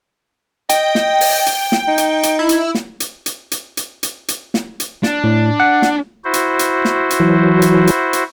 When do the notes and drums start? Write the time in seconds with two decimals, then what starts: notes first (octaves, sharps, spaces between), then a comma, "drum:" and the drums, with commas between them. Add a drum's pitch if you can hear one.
0.69 D#5 G5, drum: hi-hat
0.95 drum: snare
1.21 drum: open hi-hat
1.46 drum: hi-hat
1.72 drum: snare
1.88 D#4
1.98 drum: hi-hat
2.23 drum: hi-hat
2.39 E4
2.49 drum: hi-hat
2.75 drum: snare
3.00 drum: hi-hat
3.26 drum: hi-hat
3.51 drum: hi-hat
3.77 drum: hi-hat
4.03 drum: hi-hat
4.28 drum: hi-hat
4.54 drum: snare
4.80 drum: hi-hat
5.03 D4, drum: snare
5.24 A2
5.60 F#5
5.82 drum: snare
6.25 E4 F#4 C5
6.34 drum: hi-hat
6.59 drum: hi-hat
6.85 drum: snare
7.10 drum: hi-hat
7.20 E3 F#3
7.62 drum: hi-hat
7.87 drum: hi-hat
8.13 drum: hi-hat